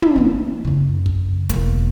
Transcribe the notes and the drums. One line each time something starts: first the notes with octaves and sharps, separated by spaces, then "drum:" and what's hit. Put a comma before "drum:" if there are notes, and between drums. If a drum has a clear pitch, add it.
drum: tom
E3 D4
F#2 C#3
drum: kick
E1 A#3, drum: hi-hat